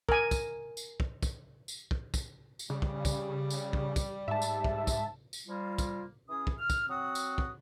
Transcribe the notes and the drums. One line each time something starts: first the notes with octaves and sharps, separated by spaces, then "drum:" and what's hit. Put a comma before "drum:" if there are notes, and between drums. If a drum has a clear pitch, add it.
A#4 G#5, drum: kick
drum: kick, tambourine
drum: tambourine
drum: kick
drum: kick, tambourine
drum: tambourine
drum: kick
drum: kick, tambourine
drum: tambourine
C#3 G3
drum: kick
drum: kick, tambourine
drum: tambourine
drum: kick
drum: kick, tambourine
G#2 E5 A5
drum: tambourine
drum: kick
drum: kick, tambourine
drum: tambourine
F3 G3 A#3 F4
drum: kick, tambourine
E3 C#4 G#4 D#6
drum: kick
F6
drum: kick, tambourine
F#3 C4 F#4 D#6
drum: tambourine
drum: kick